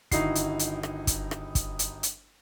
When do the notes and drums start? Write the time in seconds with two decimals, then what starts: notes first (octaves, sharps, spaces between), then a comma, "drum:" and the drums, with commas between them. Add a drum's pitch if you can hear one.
0.11 G1 D#3 D#4 E4 F#4 C7, drum: kick, hi-hat
0.35 drum: hi-hat
0.59 drum: hi-hat
0.83 drum: rim click
1.07 drum: kick, hi-hat
1.31 drum: rim click
1.55 drum: kick, hi-hat
1.79 drum: hi-hat
2.03 drum: hi-hat